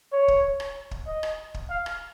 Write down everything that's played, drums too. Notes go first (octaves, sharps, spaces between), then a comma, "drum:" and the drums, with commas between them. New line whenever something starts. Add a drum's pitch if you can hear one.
C#5
drum: kick
drum: rim click
drum: kick
D#5
drum: rim click
drum: kick
F5
drum: rim click